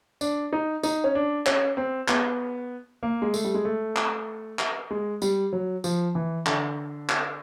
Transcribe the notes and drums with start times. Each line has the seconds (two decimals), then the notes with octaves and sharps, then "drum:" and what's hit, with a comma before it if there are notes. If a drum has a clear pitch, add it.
0.21 D4, drum: tambourine
0.53 D#4
0.83 D#4, drum: tambourine
1.04 C#4
1.15 D4
1.46 C#4, drum: clap
1.77 C4
2.08 B3, drum: clap
3.03 A#3
3.22 G#3
3.34 A3, drum: tambourine
3.44 G3
3.54 G#3
3.65 A3
3.96 drum: clap
4.59 drum: clap
4.91 G#3
5.22 G3, drum: tambourine
5.53 F#3
5.84 F3, drum: tambourine
6.15 E3
6.46 D3, drum: clap
7.09 drum: clap